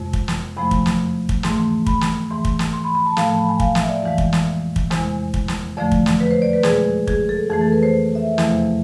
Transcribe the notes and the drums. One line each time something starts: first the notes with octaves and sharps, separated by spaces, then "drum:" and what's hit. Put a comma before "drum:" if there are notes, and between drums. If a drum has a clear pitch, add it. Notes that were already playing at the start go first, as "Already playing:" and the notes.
Already playing: F2 C3 G#3
drum: kick
drum: snare
E2 C3 F3 A3 B5
drum: kick
drum: snare
drum: kick
G#2 E3 A3 C6, drum: snare
B5, drum: kick
drum: snare
G#2 E3 A3 C6
drum: kick
drum: snare
C6
B5
B5
A5
A2 F3 A3 F5, drum: snare
A5
B5
G#5
F5, drum: kick
E5, drum: snare
D5
F2 E3 G#3 F5
drum: kick
drum: snare
drum: kick
E2 C3 G#3, drum: snare
drum: kick
drum: snare
F2 D3 F3 A3 D5
drum: kick
drum: snare
B4
C5
D5
B4
B2 G#3 G#4, drum: snare
G#4, drum: kick
A4
F2 E3 A3 G#4
A4
B4
C5
E5
E2 C3 F3 A3, drum: snare